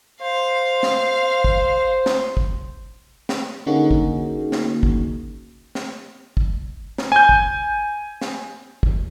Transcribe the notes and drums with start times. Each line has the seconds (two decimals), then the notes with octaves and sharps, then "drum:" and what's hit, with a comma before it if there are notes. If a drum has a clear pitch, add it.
0.21 C5 F5
0.83 drum: snare
1.44 drum: kick
2.06 drum: snare
2.37 drum: kick
3.29 drum: snare
3.66 D3 A#3 C#4 D#4 F#4 G#4
3.91 drum: kick
4.52 drum: snare
4.83 drum: kick
5.75 drum: snare
6.37 drum: kick
6.98 drum: snare
7.12 G#5 G6
7.29 drum: kick
8.21 drum: snare
8.83 drum: kick